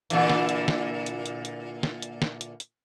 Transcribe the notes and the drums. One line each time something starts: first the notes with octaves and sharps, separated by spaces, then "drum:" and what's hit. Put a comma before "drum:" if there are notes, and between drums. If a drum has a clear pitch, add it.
A#2 D3 E3, drum: hi-hat
drum: snare
drum: hi-hat
drum: snare
drum: hi-hat
drum: hi-hat
drum: hi-hat
drum: snare
drum: hi-hat
drum: snare
drum: hi-hat
drum: hi-hat